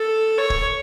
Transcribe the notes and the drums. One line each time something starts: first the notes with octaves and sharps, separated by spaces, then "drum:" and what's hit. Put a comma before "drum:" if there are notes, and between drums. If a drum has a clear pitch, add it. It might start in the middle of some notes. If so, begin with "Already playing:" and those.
Already playing: A4
C#5
drum: kick